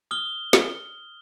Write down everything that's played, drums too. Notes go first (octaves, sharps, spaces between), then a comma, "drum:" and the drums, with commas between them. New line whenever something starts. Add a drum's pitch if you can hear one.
D#6 F6 G7
drum: snare